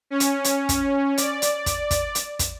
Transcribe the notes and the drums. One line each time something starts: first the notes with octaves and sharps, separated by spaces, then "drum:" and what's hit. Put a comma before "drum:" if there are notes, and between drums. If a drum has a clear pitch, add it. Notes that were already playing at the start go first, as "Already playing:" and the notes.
C#4
drum: hi-hat
drum: hi-hat
drum: kick, hi-hat
D5, drum: hi-hat
drum: hi-hat
drum: kick, hi-hat
drum: kick, hi-hat
drum: hi-hat
drum: kick, hi-hat